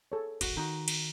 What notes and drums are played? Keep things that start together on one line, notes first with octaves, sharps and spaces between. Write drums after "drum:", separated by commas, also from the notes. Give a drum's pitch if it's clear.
G#4 A4 C#5
D1 G#1 F#4, drum: cymbal
D#3 D#4 F#4
drum: cymbal